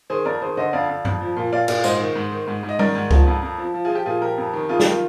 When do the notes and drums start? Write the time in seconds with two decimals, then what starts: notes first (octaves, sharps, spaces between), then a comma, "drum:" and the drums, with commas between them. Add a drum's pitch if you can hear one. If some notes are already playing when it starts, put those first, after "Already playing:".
0.10 D#3 G#4 C5
0.25 F2 A#4 D5
0.41 D#3 G#4 C5
0.57 D3 C5 D#5
0.73 F2 D5 F5
0.89 F2
1.05 F2, drum: tom F#2
1.21 F3
1.36 A#2
1.52 A#2 D5 F5
1.68 A#2 D5 F5, drum: cymbal
1.78 F5
1.84 G#2 C5 D#5, drum: tambourine
2.00 D#3
2.15 G#2
2.31 D#3
2.47 G#2
2.63 G#2
2.69 D#5
2.79 D#3 A#4 D5, drum: tom G3
2.95 G#2
3.11 F3, drum: kick C#2
3.27 F2
3.42 F2
3.58 F3
3.74 F3
3.85 F4 G#4
3.90 F3
3.95 G4
4.06 A#2 F4 G#4
4.22 F3 G4 A#4
4.38 F2
4.53 D#3
4.69 F2 F4 G#4
4.80 G4, drum: snare
4.85 D#3
4.90 F4